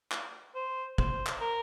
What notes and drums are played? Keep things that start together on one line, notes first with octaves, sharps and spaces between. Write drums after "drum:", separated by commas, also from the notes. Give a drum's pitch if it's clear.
drum: clap
C5
C5, drum: kick
drum: clap
A#4